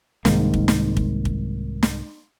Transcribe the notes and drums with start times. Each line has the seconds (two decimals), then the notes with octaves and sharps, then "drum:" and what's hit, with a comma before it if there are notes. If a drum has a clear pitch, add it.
0.25 C2 G#2 D#3 A#3, drum: snare
0.54 drum: kick
0.68 drum: snare
0.97 drum: kick
1.25 drum: kick
1.83 drum: snare